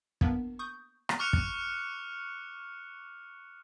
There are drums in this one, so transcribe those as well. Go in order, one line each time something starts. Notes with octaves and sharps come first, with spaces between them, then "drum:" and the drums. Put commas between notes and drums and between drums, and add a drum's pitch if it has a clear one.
A#3 B3 D4 A#4, drum: kick
C#6 D#6 G6
drum: rim click
C#6 D6 F6 F#6 C#7 F7
drum: kick